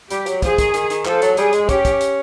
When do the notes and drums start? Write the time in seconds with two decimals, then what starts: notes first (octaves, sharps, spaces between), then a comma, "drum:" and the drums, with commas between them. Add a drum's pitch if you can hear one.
0.10 G3 G4, drum: hi-hat
0.26 F#3, drum: hi-hat
0.42 F3 G#4, drum: kick, hi-hat
0.58 D#3, drum: kick, hi-hat
0.74 D#3, drum: hi-hat
0.90 D#3, drum: hi-hat
1.05 F3 A4, drum: clap
1.22 F#3, drum: hi-hat
1.37 G3 G#4, drum: hi-hat
1.53 G#3, drum: hi-hat
1.69 C#4 G4, drum: kick, hi-hat
1.85 drum: kick, hi-hat
2.01 drum: hi-hat